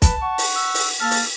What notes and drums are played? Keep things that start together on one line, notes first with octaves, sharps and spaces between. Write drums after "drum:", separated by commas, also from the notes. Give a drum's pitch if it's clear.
B4 A5, drum: kick, hi-hat
F#5 C#6
drum: open hi-hat
E6
drum: open hi-hat
A#3 A4 F6
drum: open hi-hat